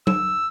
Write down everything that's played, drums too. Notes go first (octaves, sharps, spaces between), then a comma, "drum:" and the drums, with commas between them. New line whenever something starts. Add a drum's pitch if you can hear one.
E6, drum: tom F#3